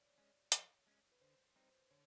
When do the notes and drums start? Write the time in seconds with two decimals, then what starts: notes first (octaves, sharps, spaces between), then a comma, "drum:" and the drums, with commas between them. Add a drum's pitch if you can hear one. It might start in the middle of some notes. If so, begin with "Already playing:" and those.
Already playing: C#5 D5
0.18 G#3 C#4
0.52 F3, drum: hi-hat
0.87 G#3 C#4
1.12 B4
1.21 D3 C5
1.56 G3 C4 D#4
1.91 D3 C#5